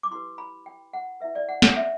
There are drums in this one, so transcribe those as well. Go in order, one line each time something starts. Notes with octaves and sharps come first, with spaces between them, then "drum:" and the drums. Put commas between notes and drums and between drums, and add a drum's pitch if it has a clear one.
D6
E4 G4 B4 C6
B5
G5
F#5
E4 B4 E5
D5
F#5
F#5, drum: snare
E5